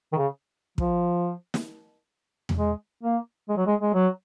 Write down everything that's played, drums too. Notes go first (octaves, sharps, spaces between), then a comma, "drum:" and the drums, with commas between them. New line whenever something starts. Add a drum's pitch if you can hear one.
D#3
C#3
F3, drum: kick
drum: snare
drum: tom E2
G#3
A#3
G#3
F#3
G#3
G#3
F#3